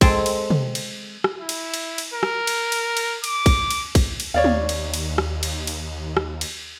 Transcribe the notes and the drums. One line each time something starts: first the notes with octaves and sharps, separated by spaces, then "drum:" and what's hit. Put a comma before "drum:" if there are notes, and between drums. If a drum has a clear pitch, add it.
G#3 C4 A4, drum: kick, cymbal
drum: cymbal
drum: tom
drum: cymbal
drum: rim click
E4
drum: cymbal
drum: cymbal
drum: cymbal
A#4
drum: rim click
drum: cymbal
drum: cymbal
drum: cymbal
D6, drum: cymbal
drum: kick, cymbal
drum: cymbal
drum: kick, cymbal
drum: cymbal
D#2 C#5 D5 F5
drum: tom
drum: cymbal
drum: cymbal
drum: rim click
drum: cymbal
drum: cymbal
drum: rim click
drum: cymbal